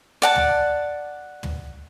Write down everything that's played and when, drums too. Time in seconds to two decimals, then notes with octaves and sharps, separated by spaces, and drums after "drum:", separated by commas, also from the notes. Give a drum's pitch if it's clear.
0.22 D5 F#5 A5
0.35 drum: tom
1.43 drum: tom